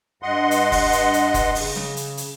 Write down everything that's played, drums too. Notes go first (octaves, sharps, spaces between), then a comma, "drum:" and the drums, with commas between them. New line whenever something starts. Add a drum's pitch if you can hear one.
G2 D#5 F#5 C6
drum: hi-hat
drum: kick F1, open hi-hat
drum: hi-hat
drum: hi-hat
drum: kick F1, hi-hat
C#3, drum: open hi-hat
drum: snare
drum: hi-hat
drum: hi-hat